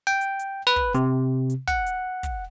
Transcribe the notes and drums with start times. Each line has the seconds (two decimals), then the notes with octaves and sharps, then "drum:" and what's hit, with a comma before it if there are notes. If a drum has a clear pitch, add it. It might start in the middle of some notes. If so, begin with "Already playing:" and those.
0.07 G5
0.21 drum: hi-hat
0.39 drum: hi-hat
0.67 B4
0.76 drum: kick
0.95 C3, drum: hi-hat
1.50 drum: hi-hat
1.68 F#5, drum: kick, hi-hat
1.86 drum: hi-hat
2.23 drum: kick, hi-hat